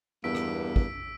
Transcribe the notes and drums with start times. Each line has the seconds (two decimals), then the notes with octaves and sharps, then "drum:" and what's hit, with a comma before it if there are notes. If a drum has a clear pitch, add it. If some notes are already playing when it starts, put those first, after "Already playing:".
0.24 E2 G2 A#3 B3 E6 B6 D7
0.35 drum: rim click
0.76 drum: kick